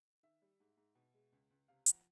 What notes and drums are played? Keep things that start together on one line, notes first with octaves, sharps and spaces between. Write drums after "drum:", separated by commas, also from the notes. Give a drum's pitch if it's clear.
D#3 E5
G3
G#2
G#2
B2
G#3
C#2
C#2
C3 F5
F3 F#5, drum: hi-hat